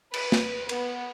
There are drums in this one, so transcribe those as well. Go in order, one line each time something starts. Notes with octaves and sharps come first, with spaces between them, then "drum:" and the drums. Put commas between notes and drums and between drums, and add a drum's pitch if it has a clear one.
B4, drum: cymbal
drum: snare
B3, drum: cymbal